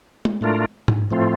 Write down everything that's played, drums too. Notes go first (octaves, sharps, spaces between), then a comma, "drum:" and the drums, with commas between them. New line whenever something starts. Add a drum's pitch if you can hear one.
drum: tom G#3
A2 A3 D4 F4 A#4
drum: tom G#2
A2 F3 A3 C4 F4